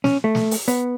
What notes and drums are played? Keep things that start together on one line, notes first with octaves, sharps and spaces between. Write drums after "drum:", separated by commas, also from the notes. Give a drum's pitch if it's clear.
C#4, drum: snare
A3
drum: snare
drum: open hi-hat
B3, drum: hi-hat